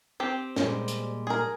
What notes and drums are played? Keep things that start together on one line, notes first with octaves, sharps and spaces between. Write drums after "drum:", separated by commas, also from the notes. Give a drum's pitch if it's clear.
C4 G4
A#2 G3 G#3, drum: snare
drum: hi-hat
G#4 A#4